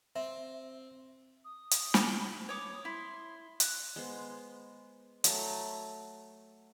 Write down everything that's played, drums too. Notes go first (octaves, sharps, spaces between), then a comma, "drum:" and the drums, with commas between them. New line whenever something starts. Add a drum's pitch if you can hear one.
C4 E5
D#6
drum: hi-hat
drum: snare
B5
C#5 D6 D#6
E4 C6
F#6, drum: hi-hat
G#3 B3 C5
F#3 A3, drum: hi-hat